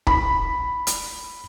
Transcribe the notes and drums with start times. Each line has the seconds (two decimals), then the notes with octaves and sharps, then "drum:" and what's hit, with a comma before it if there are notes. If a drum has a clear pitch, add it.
0.07 B5, drum: kick
0.87 drum: hi-hat